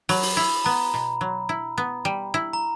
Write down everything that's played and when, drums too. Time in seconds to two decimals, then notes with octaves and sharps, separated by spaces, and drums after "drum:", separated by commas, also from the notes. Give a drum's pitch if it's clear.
0.09 F#3 B5, drum: open hi-hat
0.23 drum: open hi-hat
0.37 E4 B5
0.65 B3 A#5
0.94 B2
1.21 F#3
1.49 E4
1.78 B3
2.05 G3
2.34 E4
2.53 A#5